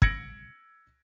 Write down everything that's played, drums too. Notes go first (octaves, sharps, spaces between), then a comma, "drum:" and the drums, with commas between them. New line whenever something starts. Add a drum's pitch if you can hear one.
E6 G#6 A#6 C#7 D7 F#7, drum: kick